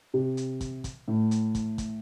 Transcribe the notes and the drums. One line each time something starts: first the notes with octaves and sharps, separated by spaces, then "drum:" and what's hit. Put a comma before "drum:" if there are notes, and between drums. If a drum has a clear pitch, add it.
C3
drum: hi-hat
drum: kick, hi-hat
drum: kick, hi-hat
A2
drum: hi-hat
drum: kick, hi-hat
drum: kick, hi-hat